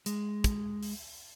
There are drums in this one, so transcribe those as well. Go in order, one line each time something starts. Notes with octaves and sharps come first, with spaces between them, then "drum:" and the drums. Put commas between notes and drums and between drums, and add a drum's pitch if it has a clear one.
G#3, drum: hi-hat
drum: kick, hi-hat
drum: open hi-hat